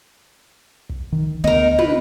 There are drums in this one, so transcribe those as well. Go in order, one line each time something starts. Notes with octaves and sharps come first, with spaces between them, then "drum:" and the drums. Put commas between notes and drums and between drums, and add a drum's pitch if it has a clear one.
drum: kick
D#3
D2 A3 B3 D#4 A#4
B4, drum: tom